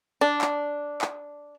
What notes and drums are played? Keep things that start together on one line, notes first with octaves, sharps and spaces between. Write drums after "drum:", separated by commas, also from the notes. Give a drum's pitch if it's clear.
D4
drum: clap
drum: clap